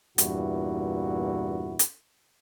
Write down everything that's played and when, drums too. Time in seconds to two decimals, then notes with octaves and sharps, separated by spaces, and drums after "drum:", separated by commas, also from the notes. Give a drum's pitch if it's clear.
0.18 E2 G2 A#2 E4 F#4, drum: hi-hat
1.79 drum: hi-hat